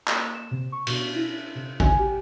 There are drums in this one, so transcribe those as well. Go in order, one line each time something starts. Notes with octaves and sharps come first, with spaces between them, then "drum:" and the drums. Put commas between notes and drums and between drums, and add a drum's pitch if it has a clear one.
A#3, drum: clap
E7
C3
C#6
B2, drum: cymbal
E4
C3
G#5, drum: kick A1
G4